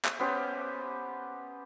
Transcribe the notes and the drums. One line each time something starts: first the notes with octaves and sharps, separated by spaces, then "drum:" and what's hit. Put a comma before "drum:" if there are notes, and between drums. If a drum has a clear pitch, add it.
drum: clap
B3 C#4 G4 C5